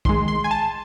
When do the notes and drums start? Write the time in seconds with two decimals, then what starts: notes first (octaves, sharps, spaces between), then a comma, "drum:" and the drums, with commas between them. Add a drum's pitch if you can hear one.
0.05 D#3 G#3 C6, drum: kick
0.28 C6
0.44 G#5
0.51 A5